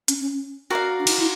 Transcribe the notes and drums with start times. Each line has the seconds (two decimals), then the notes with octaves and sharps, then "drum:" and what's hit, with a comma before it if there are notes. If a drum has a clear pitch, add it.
0.08 C#4, drum: hi-hat
0.21 C#4
0.70 F#4 A#4 D5 F5
1.00 D4
1.07 D#4, drum: cymbal
1.19 E4